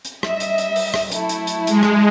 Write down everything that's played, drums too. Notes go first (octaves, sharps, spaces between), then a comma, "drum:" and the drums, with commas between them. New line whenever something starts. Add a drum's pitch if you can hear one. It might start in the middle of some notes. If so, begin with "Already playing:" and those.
drum: hi-hat
G3 D#5 E5, drum: rim click
drum: hi-hat
drum: hi-hat
drum: open hi-hat
drum: rim click
F#3 A3 E4, drum: hi-hat
drum: hi-hat
drum: hi-hat
G#3, drum: hi-hat
drum: rim click